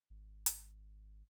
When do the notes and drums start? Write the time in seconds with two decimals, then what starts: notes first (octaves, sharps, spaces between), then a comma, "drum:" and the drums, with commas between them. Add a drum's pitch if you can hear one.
0.10 G#1
0.46 drum: hi-hat